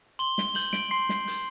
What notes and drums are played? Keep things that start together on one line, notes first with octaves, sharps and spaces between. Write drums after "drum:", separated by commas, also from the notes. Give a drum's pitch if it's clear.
C6 G7
G7, drum: snare
G6 F#7, drum: hi-hat
D7, drum: snare
C6 C7
drum: snare
G6, drum: hi-hat